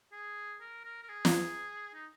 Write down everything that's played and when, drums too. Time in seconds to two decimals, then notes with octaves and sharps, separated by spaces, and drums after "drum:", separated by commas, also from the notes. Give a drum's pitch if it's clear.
0.12 G#4
0.61 A#4
0.85 A#4
1.03 A#4
1.09 G#4
1.25 drum: snare
1.94 D#4